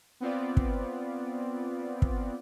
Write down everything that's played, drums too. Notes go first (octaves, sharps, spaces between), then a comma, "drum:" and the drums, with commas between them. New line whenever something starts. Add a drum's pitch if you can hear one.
B3 C4 F4 D5
drum: kick
drum: kick